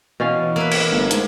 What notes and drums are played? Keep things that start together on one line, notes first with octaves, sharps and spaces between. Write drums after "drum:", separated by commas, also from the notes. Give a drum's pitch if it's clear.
B2 E3 C#4 F5
A#3 E4 B4
drum: cymbal
G1 A3
G#2, drum: hi-hat